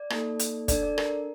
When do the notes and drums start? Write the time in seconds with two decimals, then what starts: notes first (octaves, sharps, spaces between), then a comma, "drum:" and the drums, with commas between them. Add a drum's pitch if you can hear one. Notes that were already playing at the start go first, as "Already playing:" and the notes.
Already playing: D5
0.10 A#3 D#4 A4, drum: rim click
0.39 drum: hi-hat
0.68 D4 A4 D5, drum: kick, hi-hat
0.83 D5
0.98 A#4, drum: rim click